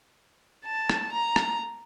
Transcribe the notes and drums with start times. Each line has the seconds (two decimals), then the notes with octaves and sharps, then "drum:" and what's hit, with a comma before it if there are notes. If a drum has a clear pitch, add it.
0.66 A5
0.90 drum: rim click
1.13 A#5
1.36 drum: rim click